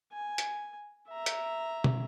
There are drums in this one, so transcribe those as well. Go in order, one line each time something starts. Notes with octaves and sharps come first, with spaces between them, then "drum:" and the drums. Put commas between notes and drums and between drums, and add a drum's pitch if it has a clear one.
G#5
drum: hi-hat
E5 A#5
drum: hi-hat
drum: tom